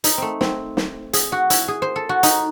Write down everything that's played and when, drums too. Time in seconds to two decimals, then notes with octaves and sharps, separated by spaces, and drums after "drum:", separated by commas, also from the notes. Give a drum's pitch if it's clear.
0.04 D#4, drum: hi-hat
0.18 A3 C4
0.41 C4, drum: snare
0.77 drum: snare
1.13 G#4, drum: hi-hat
1.32 F#4
1.50 E4, drum: hi-hat
1.68 G#4
1.82 C5
1.96 A4
2.09 F#4
2.23 D#4, drum: hi-hat